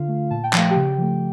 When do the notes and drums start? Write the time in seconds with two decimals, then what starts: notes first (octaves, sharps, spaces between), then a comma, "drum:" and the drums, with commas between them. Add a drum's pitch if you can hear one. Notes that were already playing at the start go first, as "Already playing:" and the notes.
Already playing: D3 F4 F5
0.08 A3
0.31 A#2 A5
0.44 G5
0.53 F3 A3 F5, drum: clap
0.71 G4 G5
0.76 C#3
0.98 F3 A3